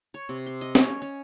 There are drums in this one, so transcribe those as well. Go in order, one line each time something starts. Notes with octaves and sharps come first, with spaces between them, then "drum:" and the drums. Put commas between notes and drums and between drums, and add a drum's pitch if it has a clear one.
C#5
C3
C6
D#5
C#4, drum: snare
C#5
C#4